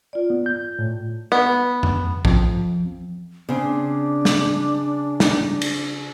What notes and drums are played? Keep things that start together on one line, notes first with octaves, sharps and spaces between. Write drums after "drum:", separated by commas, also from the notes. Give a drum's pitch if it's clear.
F4 D5
B3
G6
A2
B3
drum: tom F2
F2, drum: kick
C#3 C4 D4
drum: snare
drum: snare
drum: cymbal